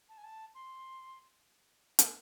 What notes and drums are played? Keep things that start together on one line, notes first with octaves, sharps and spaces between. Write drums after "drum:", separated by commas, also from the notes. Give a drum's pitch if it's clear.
A5
G#5
A5
C6
drum: hi-hat